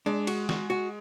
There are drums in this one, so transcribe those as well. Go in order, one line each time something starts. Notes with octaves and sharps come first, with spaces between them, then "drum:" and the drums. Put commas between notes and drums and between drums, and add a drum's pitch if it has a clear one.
G#3 D4
F#4, drum: cymbal
F#4, drum: snare
F#4